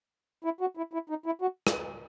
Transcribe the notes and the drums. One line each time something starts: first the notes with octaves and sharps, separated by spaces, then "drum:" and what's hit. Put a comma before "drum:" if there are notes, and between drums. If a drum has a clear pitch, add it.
E4
F#4
E4
E4
D#4
E4
F#4
drum: rim click